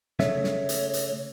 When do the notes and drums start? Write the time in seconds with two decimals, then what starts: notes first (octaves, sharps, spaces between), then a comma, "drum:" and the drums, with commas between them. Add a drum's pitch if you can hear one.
0.19 C#3 A3 C#5 E5, drum: snare
0.44 drum: snare
0.69 drum: hi-hat
0.93 drum: hi-hat